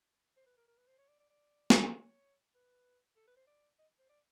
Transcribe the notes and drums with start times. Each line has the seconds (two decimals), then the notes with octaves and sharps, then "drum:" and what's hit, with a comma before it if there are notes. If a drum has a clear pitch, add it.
0.37 C5
0.46 B4
0.57 A#4
0.68 A#4
0.78 B4
0.87 C5
0.99 C#5
1.08 D5
1.19 D5
1.30 D5
1.70 drum: snare
1.91 C#5
2.55 B4
3.16 A4
3.27 B4
3.36 C5
3.47 D5
3.79 D#5
3.99 C5
4.09 D5